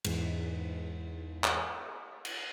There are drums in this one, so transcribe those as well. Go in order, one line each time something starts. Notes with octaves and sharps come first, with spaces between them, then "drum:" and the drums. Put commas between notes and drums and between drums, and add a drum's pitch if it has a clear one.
E2 G#2, drum: cymbal
drum: clap
drum: cymbal